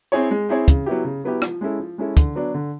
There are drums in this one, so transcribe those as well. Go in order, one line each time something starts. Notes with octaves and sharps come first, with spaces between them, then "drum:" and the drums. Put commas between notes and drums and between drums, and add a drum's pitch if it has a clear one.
C4 E4 G#4 C#5
G#3
C4 E4 G#4 C#5
C#3, drum: kick, hi-hat
F#3 B3 E4 G4
C#3
F#3 B3 E4 G4
F3, drum: rim click
G#3 C#4 E4 A4
F3
G#3 C#4 E4 A4
D3, drum: kick, hi-hat
F#3 B3 D4
D3